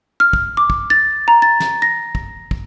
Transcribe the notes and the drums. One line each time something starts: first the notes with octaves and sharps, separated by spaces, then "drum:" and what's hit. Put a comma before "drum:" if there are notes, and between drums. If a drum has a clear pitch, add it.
F6
drum: kick
D6
drum: kick
A6
A#5
A6
drum: snare
A#6
drum: kick
drum: kick